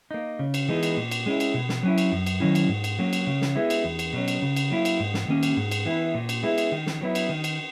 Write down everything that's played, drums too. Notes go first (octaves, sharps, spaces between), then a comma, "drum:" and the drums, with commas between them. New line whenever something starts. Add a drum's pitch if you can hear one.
A#3 D#4
C#3
drum: cymbal
E3 G#3 B3 D#4
drum: cymbal
A#2
drum: cymbal
G#3 C#4 E4
drum: cymbal
B2
drum: snare
F#3 C#4 E4
drum: cymbal
F#2
drum: cymbal
D#3 F#3 C#4 E4
drum: cymbal
G#2
drum: cymbal
F#3 A#3 C#4
drum: cymbal
C#3
drum: snare
G#3 B3 E4
drum: cymbal
E2
drum: cymbal
B2 F#3 C#4
drum: cymbal
C#3
drum: cymbal
F#3 A#3 E4
drum: cymbal
G#2
drum: snare
D#3 A#3 C#4
drum: cymbal
G#2
drum: cymbal
E3 B3 E4
A#2
drum: cymbal
G#3 B3 E4
drum: cymbal
D#3
drum: snare
F#3 B3 E4
drum: cymbal
D#3
drum: cymbal